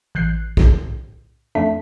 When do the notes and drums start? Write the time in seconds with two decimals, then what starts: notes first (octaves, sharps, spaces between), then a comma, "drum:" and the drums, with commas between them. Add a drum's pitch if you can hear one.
0.15 A1 F#6 G6 C7
0.57 drum: kick B1
1.55 F2 A3 D4 B6